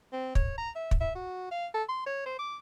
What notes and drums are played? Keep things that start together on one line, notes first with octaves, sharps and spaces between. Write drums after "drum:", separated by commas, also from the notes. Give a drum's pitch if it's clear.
C4
C#5, drum: kick
A#5
E5
drum: kick
E5
F#4
F5
A4
C6
C#5
C5
D6